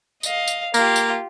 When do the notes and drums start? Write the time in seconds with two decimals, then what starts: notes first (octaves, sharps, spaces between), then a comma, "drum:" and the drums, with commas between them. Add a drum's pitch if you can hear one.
0.23 D#5 F5, drum: tambourine
0.48 drum: tambourine
0.74 A#3 F4 G4, drum: tambourine
0.96 drum: tambourine